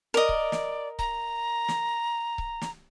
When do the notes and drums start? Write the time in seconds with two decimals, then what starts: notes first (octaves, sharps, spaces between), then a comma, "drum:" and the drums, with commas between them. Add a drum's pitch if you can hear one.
0.14 A#4 D5 D#5
0.29 drum: kick C#1
0.52 drum: snare
0.99 A#5, drum: kick C#1
1.68 drum: snare
2.38 drum: kick C#1
2.61 drum: snare